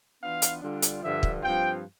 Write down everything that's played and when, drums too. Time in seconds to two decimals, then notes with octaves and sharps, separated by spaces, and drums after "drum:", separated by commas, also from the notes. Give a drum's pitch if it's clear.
0.22 E3 B3 D4 F4 F5
0.42 drum: hi-hat
0.62 D3 G3 D4 F4
0.82 drum: hi-hat
1.02 G2 D3 F3 E5
1.23 drum: kick
1.42 G2 F3 C4 F4 G5